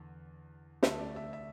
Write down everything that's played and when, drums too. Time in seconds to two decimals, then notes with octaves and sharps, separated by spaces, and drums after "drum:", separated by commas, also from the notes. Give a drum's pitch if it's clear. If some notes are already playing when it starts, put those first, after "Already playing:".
Already playing: E2 D3
0.83 D2 D3 A3 E5, drum: snare
0.99 D5
1.16 E5
1.33 E5